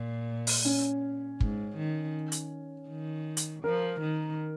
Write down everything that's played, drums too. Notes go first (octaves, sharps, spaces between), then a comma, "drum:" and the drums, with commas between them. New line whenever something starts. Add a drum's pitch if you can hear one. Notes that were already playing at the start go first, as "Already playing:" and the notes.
Already playing: A#2
drum: open hi-hat
C#4
G#2, drum: kick
D#3
drum: hi-hat
D#3
drum: hi-hat
F3 A#4
D#3